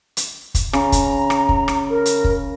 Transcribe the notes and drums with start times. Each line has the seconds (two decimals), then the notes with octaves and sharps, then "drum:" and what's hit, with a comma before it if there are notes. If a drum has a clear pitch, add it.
0.17 drum: hi-hat
0.55 drum: kick, hi-hat
0.73 C#3 A#5, drum: rim click
0.92 drum: kick, hi-hat
1.30 drum: rim click
1.49 drum: kick
1.68 drum: rim click
1.90 A#4
2.06 drum: hi-hat
2.24 drum: kick